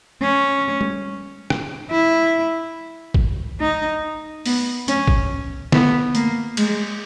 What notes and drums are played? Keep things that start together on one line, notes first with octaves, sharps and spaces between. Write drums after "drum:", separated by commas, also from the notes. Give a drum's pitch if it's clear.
C#4
drum: tom G3
drum: rim click
E4
drum: kick
D#4
B3, drum: open hi-hat
C#4, drum: hi-hat
drum: kick
B3, drum: snare
A#3, drum: hi-hat
G#3, drum: cymbal